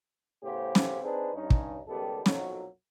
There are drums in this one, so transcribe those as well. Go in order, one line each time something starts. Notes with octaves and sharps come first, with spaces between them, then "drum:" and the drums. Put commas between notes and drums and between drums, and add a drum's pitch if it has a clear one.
A2 C#3 B3 G4 C5
drum: snare
C4 D4 D#4 G#4 B4 C5
G2 C#4 D#4
drum: kick
C#2 D#3 G3 B3 G4 A4
B1 F2 A#2 F#3, drum: snare